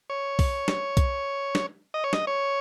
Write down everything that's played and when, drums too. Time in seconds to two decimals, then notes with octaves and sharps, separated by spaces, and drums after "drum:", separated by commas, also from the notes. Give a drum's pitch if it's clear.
0.10 C#5
0.39 drum: kick B1, open hi-hat
0.68 drum: snare
0.97 drum: kick B1, hi-hat
1.55 drum: snare
1.94 D#5
2.04 C#5
2.13 D#5, drum: snare
2.27 C#5